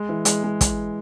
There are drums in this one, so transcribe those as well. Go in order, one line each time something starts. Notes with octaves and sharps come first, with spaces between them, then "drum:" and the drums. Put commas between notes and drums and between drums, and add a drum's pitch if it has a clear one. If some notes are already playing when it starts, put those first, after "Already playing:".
Already playing: G#3
E3
G#3, drum: hi-hat
G#3
drum: kick, hi-hat